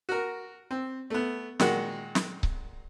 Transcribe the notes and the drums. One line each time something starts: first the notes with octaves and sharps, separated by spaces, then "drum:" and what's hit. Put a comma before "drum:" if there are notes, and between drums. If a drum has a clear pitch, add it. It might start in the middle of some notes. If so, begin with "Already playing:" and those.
F#4 A#4
C4
A3 B3
A#2 D#3 G#3 F#4 F#5, drum: snare
drum: snare
drum: kick C#1